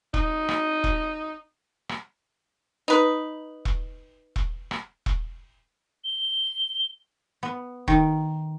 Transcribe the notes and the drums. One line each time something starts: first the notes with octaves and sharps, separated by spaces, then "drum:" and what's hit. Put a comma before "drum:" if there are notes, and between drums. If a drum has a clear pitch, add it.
D#4, drum: kick E1
drum: rim click
drum: kick E1
drum: rim click
D#4 B4
drum: kick E1
drum: kick E1
drum: rim click
drum: kick E1
G7
B3
D#3, drum: kick E1